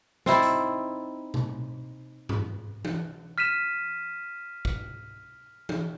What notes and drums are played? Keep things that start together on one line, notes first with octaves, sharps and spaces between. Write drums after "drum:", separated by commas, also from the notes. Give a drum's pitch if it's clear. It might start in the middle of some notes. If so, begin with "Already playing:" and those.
C4 D#4 E4 D5, drum: snare
drum: hi-hat
drum: tom A#2
drum: tom G2
drum: tom E3
F6 B6 D#7 E7
drum: kick
drum: tom E3